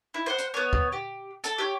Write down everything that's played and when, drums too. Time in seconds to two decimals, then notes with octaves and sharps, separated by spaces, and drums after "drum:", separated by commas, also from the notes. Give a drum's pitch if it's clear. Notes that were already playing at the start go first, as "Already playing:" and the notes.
0.14 E4
0.26 C5 F#5
0.38 drum: hi-hat
0.54 B3 C#5
0.73 drum: kick
0.92 G4
1.44 A4, drum: hi-hat
1.58 G4 C#5